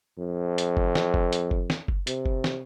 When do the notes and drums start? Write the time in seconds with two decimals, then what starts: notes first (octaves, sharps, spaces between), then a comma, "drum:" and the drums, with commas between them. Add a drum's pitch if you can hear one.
0.18 F2
0.58 drum: hi-hat
0.77 drum: kick F#1
0.95 drum: snare
1.14 drum: kick F#1
1.33 drum: hi-hat
1.51 drum: kick F#1
1.70 drum: snare
1.88 drum: kick F#1
2.07 C3, drum: hi-hat
2.26 drum: kick F#1
2.44 drum: snare